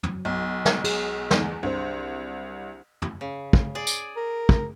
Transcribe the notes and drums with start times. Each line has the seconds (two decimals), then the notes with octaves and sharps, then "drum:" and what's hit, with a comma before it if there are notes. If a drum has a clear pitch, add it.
0.03 F#3, drum: tom
0.25 B1
0.65 drum: snare
0.84 G#4, drum: cymbal
1.31 E2, drum: snare
1.63 C2 D4 G4 C5
3.02 drum: tom
3.21 C#3
3.53 drum: kick
3.75 G#4 D5
3.87 drum: tambourine
4.16 A#4
4.49 drum: kick